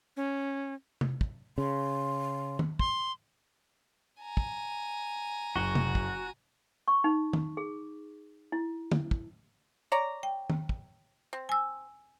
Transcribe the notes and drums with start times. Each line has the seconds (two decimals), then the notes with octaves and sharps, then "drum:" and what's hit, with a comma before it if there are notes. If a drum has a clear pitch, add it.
0.17 C#4
1.01 drum: tom C3
1.21 drum: kick
1.58 C#3 C6
2.59 drum: tom D#3
2.79 C6, drum: kick
4.22 G#5 A#5
4.37 drum: kick
5.56 F#1 F#4 G7
5.75 drum: tom C3
5.95 drum: kick
6.88 C#6
7.04 D#4
7.33 drum: tom D#3
7.57 G#4
8.52 E4
8.92 drum: tom
9.11 drum: kick
9.92 C#5 D5 A#5
10.23 G5
10.50 drum: tom D#3
10.69 drum: kick
11.33 C4
11.49 G#5 E6